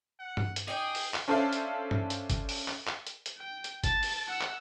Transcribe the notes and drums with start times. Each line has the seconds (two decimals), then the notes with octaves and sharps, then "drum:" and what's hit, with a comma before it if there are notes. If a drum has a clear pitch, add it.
0.20 F#5
0.37 drum: tom G2
0.56 drum: hi-hat
0.68 D#4 G#4 D#5 G5 G#5 D6
0.95 drum: open hi-hat
1.14 drum: clap
1.28 C#4 D4 A4 C5 E5 F5
1.53 drum: hi-hat
1.91 drum: tom G2
2.10 drum: hi-hat
2.30 drum: kick G1, hi-hat
2.49 drum: open hi-hat
2.68 drum: clap
2.87 drum: clap
3.07 drum: hi-hat
3.26 drum: hi-hat
3.38 G5
3.64 drum: hi-hat
3.84 A5 A6, drum: kick G1, hi-hat
4.03 drum: open hi-hat
4.28 F#5 E6
4.41 drum: clap